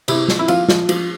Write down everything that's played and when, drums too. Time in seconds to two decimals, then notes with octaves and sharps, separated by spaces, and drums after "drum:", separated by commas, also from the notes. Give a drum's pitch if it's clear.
0.08 C3 E4, drum: cymbal
0.28 F3, drum: snare
0.39 E4
0.48 F3 F4, drum: cymbal
0.69 F3, drum: snare
0.89 F3, drum: cymbal